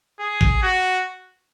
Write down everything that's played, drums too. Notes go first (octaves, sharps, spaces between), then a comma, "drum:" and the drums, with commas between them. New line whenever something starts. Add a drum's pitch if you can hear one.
G#4
drum: kick
F#4